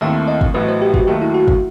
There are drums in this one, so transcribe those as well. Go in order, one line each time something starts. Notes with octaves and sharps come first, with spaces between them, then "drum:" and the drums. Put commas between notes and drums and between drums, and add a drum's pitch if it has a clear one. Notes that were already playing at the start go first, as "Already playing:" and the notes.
D#2 D#3 A3 C4 E4 E5
D#5
drum: kick
A1 A2 F#3 B3 B4
C5
G4
F#4, drum: kick
D#2 D#3 F#3 A3 G4
E4
F#4
drum: kick